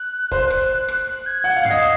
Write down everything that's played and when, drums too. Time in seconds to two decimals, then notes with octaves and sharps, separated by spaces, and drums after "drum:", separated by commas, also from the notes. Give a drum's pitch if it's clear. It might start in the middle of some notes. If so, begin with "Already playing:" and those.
Already playing: F#6
0.32 C5, drum: kick, hi-hat
0.50 drum: rim click
0.69 drum: hi-hat
0.88 drum: rim click
1.07 F#6, drum: hi-hat
1.26 G#6
1.44 F#5 G#6, drum: hi-hat
1.57 F5
1.64 C7, drum: tom G2
1.70 D#5